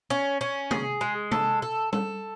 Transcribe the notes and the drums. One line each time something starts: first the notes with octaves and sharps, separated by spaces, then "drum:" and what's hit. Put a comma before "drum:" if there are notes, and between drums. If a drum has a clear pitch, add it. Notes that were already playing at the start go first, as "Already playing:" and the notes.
C#4
C#4
G#4, drum: tom
G#3
A4, drum: tom
A4
A4, drum: tom G3